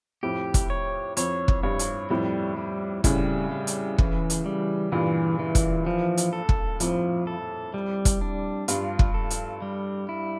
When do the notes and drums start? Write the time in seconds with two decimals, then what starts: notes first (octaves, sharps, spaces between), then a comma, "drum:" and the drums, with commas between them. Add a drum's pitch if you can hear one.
0.23 F2 A2 G4
0.54 drum: kick, hi-hat
0.70 C#5
1.17 F2 C#5, drum: hi-hat
1.48 drum: kick
1.63 G2 C#5
1.79 drum: hi-hat
2.10 F2 A2 G3
2.57 G3
3.04 A2 C#3 G3, drum: kick, hi-hat
3.51 G3
3.67 drum: hi-hat
3.98 E3, drum: kick
4.30 drum: hi-hat
4.46 G3
4.92 G2 A#2 E3
5.39 E3
5.55 drum: kick, hi-hat
5.87 F3
6.17 drum: hi-hat
6.33 A4
6.49 drum: kick
6.80 F2 A2 F3, drum: hi-hat
7.27 A4
7.74 G3
8.05 drum: kick, hi-hat
8.21 D4
8.68 G2 F4, drum: hi-hat
8.99 drum: kick
9.14 A4
9.30 drum: hi-hat
9.62 G3
10.09 E4